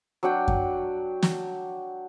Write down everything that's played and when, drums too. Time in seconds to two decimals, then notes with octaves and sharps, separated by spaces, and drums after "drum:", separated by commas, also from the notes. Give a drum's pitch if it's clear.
0.23 F#3 D4 F#5 G5
0.48 drum: kick F#2
1.23 drum: snare